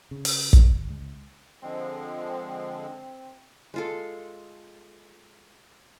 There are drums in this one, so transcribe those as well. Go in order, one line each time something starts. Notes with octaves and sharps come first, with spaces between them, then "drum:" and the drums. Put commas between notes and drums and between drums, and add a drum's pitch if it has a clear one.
C#3
drum: open hi-hat
G1, drum: kick
C#2
D3 F3 G#3 C4
G#3 F4 A4